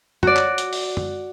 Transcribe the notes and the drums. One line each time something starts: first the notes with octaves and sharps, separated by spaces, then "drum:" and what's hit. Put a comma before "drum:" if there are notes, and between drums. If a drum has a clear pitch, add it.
F#4 D5, drum: tom F#2
drum: clap
drum: hi-hat
drum: open hi-hat
drum: tom F#2